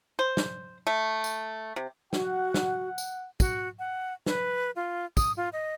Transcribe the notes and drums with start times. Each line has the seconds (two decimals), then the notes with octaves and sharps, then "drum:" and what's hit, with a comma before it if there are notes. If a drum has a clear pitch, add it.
0.19 C5
0.37 drum: snare
0.87 A3
1.24 drum: tambourine
1.76 C3
2.13 F#4 F#5, drum: snare
2.54 drum: snare
2.98 drum: tambourine
3.40 F#4, drum: kick, tambourine
3.79 F#5
4.26 B4, drum: snare
4.76 F4
5.17 D#6, drum: kick, tambourine
5.37 F4
5.53 D#5